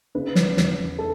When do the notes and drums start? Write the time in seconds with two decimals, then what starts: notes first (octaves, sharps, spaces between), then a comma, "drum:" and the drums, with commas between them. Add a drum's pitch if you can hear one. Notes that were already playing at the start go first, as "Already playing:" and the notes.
0.15 C#3 B4
0.35 drum: snare
0.57 E1, drum: snare
0.99 A4